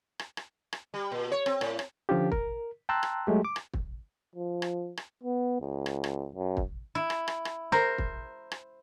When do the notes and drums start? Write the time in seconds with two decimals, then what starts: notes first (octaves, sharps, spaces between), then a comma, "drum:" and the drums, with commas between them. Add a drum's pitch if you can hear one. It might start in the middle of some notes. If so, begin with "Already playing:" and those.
0.19 drum: rim click
0.37 drum: rim click
0.73 drum: rim click
0.94 G3
1.12 A#2
1.32 C#5
1.46 C4, drum: rim click
1.61 A2, drum: rim click
1.79 drum: rim click
2.09 D3 F3 C#4 D4 F4 G4
2.32 A#4, drum: kick
2.89 G5 A5 A#5 C6 E6 F#6
3.03 drum: rim click
3.27 F#3 G#3 A3 G4
3.45 D6
3.56 drum: rim click
3.73 drum: kick
4.36 F3
4.62 drum: rim click
4.97 drum: rim click
5.23 B3
5.61 C#2
5.86 drum: rim click
6.04 drum: rim click
6.35 F#2
6.57 drum: kick
6.95 E4
7.10 drum: rim click
7.28 drum: rim click
7.45 drum: rim click
7.72 A#4 C5
7.98 drum: kick
8.51 drum: rim click